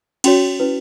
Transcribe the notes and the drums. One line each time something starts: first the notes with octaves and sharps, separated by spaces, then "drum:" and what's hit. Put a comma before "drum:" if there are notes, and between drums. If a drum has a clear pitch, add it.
C#4 F#4 C#5 G5, drum: cymbal
C#4 E4 B4